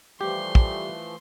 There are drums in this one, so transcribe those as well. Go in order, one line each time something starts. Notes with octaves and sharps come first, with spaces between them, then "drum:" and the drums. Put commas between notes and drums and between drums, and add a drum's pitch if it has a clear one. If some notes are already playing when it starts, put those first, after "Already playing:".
E3 F3 G3 A3 G4 C6
drum: kick